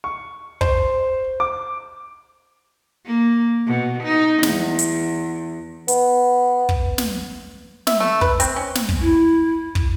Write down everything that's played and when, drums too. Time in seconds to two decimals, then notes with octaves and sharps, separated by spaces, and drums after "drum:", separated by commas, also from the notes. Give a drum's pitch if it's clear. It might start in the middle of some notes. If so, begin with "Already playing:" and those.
0.04 C#6
0.61 C5, drum: kick
1.40 D6
3.06 A#3
3.67 B2
4.03 D#4
4.43 E2, drum: snare
4.79 drum: hi-hat
5.88 B3, drum: hi-hat
6.69 drum: kick
6.98 drum: snare
7.87 E5, drum: snare
8.00 A3
8.21 B4, drum: kick
8.40 C4, drum: hi-hat
8.56 C#4
8.75 drum: snare
8.89 drum: kick
9.01 E4
9.75 drum: kick